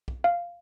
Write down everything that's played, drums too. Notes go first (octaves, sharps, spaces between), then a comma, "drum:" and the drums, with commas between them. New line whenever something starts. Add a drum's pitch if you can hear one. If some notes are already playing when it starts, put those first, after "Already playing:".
drum: kick
F5